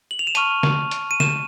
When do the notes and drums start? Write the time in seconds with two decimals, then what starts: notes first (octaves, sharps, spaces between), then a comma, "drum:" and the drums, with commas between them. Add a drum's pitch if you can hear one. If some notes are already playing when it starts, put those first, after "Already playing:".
0.11 F#7
0.19 F7
0.27 E7
0.35 A5 C#6 F6 D#7, drum: hi-hat
0.63 drum: snare
0.91 drum: hi-hat
1.11 D#7
1.20 E7, drum: snare